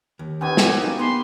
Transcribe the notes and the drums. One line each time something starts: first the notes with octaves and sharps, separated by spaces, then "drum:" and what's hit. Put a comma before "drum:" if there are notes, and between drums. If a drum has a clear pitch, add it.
D#2
D#3 B3 C#4 G4 G#5
C4, drum: snare
A#3 D4 D#4 F#4
B3 C6